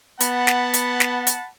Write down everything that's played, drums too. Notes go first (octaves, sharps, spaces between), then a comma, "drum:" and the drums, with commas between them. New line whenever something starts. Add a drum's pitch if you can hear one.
B3 F#5 A5 B5, drum: hi-hat
drum: snare
drum: hi-hat
drum: snare
drum: hi-hat